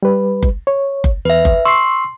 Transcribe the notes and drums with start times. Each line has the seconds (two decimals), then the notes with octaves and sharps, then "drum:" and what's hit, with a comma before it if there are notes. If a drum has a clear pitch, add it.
0.03 G3 B4
0.43 drum: kick F#1
0.67 C#5
1.04 drum: kick F#1
1.25 E2 B4 E5
1.45 drum: kick F#1
1.65 C6 C#6 E6 C7